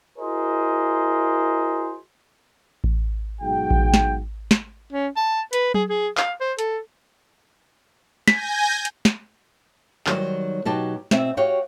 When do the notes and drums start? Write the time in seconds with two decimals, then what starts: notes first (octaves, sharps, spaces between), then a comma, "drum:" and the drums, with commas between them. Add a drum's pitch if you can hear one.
0.19 E4 F#4 G#4 A#4 C5 D#5
2.84 drum: kick A1
3.42 B1 G#2 F#4 G#4 G5
3.71 drum: kick A1
3.94 drum: snare
4.51 drum: snare
4.93 C#4
5.16 A5
5.53 B4, drum: hi-hat
5.74 G#4, drum: tom F#3
5.89 G#4
6.17 F5, drum: clap
6.41 C5
6.59 A4, drum: hi-hat
8.28 G#5 G6 A#6 B6, drum: snare
8.85 drum: hi-hat
9.05 drum: snare
10.07 D#3 F#3 G3 C5, drum: clap
10.65 B2 F#3 D#4 G4 A5
11.11 B2 C4 E5, drum: snare
11.37 F#4 G4 C#5 F5 G5